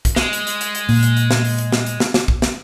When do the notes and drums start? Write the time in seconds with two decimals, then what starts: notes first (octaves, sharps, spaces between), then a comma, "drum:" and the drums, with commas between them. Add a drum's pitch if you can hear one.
0.05 drum: kick, hi-hat
0.16 G#3, drum: snare
0.33 drum: hi-hat
0.47 drum: hi-hat
0.61 drum: hi-hat
0.75 drum: hi-hat
0.89 A#2, drum: open hi-hat
1.03 drum: hi-hat
1.17 drum: hi-hat
1.31 drum: snare
1.45 drum: open hi-hat
1.59 drum: hi-hat
1.72 drum: snare
1.86 drum: hi-hat
2.00 drum: snare
2.14 drum: snare
2.28 drum: kick
2.42 drum: snare